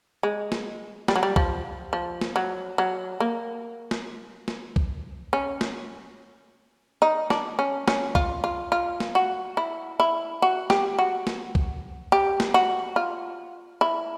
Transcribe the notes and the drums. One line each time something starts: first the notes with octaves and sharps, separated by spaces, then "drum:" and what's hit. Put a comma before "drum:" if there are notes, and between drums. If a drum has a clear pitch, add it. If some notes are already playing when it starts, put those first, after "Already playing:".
G#3
drum: snare
G3, drum: snare
F#3
G3
F3, drum: kick B1
F3
drum: snare
F#3
F#3
A#3
drum: snare
drum: snare
drum: kick B1
C#4
drum: snare
D#4
D4, drum: snare
C#4
C#4, drum: snare
F4, drum: kick B1
F4
F4
drum: snare
F#4
E4
E4
F#4
G4, drum: snare
F#4
drum: snare
drum: kick B1
G4
drum: snare
F#4
F4
E4